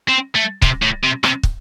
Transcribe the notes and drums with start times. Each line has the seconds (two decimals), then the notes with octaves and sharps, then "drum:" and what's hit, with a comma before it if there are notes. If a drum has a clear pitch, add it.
0.09 C4
0.35 A3
0.62 C3, drum: kick
0.82 A2
1.03 C3
1.24 C3, drum: rim click
1.43 drum: kick